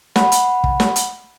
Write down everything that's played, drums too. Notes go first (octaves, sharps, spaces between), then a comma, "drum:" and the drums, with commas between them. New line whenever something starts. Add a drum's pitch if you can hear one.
F#5 B5, drum: snare
drum: hi-hat
drum: kick
drum: snare
drum: hi-hat